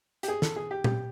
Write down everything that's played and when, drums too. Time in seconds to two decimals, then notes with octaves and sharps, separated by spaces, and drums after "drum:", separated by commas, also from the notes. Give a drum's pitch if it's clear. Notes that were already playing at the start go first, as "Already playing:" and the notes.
0.23 G4, drum: hi-hat
0.28 G#4
0.42 A4, drum: snare
0.56 G#4
0.71 G4
0.84 G4, drum: tom A#2